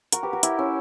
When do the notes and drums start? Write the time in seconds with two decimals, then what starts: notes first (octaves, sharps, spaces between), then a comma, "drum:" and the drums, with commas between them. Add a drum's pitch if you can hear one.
0.12 F#4 A#4, drum: hi-hat
0.23 G4 B4
0.33 F#4 A#4
0.43 E4 G4, drum: hi-hat
0.59 C#4 E4